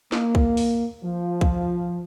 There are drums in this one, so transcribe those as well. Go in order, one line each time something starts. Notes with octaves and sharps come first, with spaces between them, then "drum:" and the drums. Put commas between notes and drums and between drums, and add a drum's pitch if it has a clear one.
A#3, drum: snare
drum: kick
drum: open hi-hat
F3
drum: kick